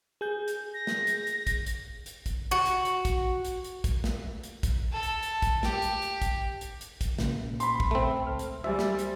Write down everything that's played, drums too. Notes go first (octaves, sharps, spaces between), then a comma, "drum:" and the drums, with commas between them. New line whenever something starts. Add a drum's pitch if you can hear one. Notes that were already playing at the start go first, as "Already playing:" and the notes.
G#4 G6
drum: hi-hat
A#6
drum: snare
drum: hi-hat
drum: hi-hat
drum: kick, hi-hat
drum: hi-hat
drum: hi-hat
drum: kick, hi-hat
F#4
drum: hi-hat
drum: hi-hat
drum: kick, hi-hat
drum: hi-hat
drum: hi-hat
drum: kick, hi-hat
drum: snare
drum: hi-hat
drum: kick, hi-hat
A4
drum: hi-hat
drum: hi-hat
drum: kick, hi-hat
G4, drum: snare
drum: hi-hat
drum: hi-hat
drum: kick, hi-hat
drum: hi-hat
drum: hi-hat
drum: kick, hi-hat
A#2 C#3, drum: snare
B5 C6, drum: hi-hat
drum: kick
A3 C4
C#2 F6
drum: hi-hat
G3 C5 E5 G#5
drum: snare
drum: hi-hat